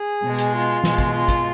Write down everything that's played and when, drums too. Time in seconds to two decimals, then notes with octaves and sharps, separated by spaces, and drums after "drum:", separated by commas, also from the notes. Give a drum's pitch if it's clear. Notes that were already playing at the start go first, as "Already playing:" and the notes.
Already playing: G#4
0.23 B2 G#3
0.39 drum: hi-hat
0.54 F4
0.84 B2 G#3, drum: snare
0.98 drum: kick, hi-hat
1.13 F4
1.28 drum: kick, hi-hat